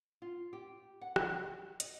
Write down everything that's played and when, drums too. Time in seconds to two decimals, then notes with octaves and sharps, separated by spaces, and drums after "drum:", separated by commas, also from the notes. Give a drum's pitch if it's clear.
0.22 F4
0.53 G4
1.01 F#5
1.16 drum: rim click
1.80 D#5, drum: hi-hat